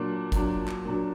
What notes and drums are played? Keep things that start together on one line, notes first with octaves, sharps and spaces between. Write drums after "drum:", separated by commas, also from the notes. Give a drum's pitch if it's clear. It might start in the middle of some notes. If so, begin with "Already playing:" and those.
Already playing: A#2 F#3 D4
A#2 F#3 D4, drum: kick, hi-hat
drum: clap
A#2 F#3 D4